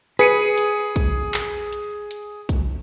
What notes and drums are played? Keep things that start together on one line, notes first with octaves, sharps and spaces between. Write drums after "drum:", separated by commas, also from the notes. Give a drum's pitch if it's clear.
G#4 B4 C#7 D#7, drum: hi-hat
drum: hi-hat
drum: kick, hi-hat
drum: clap
drum: hi-hat
drum: hi-hat
drum: kick, hi-hat